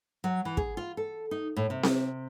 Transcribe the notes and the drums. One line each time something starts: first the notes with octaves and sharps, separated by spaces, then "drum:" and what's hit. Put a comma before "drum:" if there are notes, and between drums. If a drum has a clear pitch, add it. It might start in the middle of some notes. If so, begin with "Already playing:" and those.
F#3
E3
G#4, drum: kick
F4
A4
D#4
A2
C3
drum: snare C4